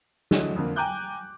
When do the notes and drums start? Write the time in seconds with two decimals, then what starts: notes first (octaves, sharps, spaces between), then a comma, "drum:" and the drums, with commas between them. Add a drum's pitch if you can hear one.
0.31 D3 E3 F#3 G#3 A3 D4, drum: snare
0.56 F2 D3 A#3
0.76 G5 G#5 A#5 D6 F#6 G6